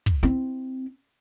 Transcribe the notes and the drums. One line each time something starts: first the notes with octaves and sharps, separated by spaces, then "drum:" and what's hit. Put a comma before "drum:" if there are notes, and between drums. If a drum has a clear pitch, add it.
drum: kick
C4 E4